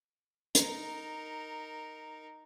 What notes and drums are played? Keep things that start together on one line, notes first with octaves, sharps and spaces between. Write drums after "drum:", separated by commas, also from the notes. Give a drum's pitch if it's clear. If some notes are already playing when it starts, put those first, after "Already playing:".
D#4 A#4, drum: hi-hat